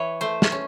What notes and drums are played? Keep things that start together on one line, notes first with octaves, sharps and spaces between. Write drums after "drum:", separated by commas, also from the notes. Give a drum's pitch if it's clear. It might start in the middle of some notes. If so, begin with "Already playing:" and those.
Already playing: E3 C#5 E5
A3 C5
drum: snare
C#4